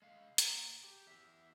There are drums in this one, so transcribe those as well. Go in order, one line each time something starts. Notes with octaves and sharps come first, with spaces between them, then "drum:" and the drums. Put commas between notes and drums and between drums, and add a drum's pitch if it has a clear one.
G#3 F5
A#2 A#5, drum: hi-hat
G4
E2 E5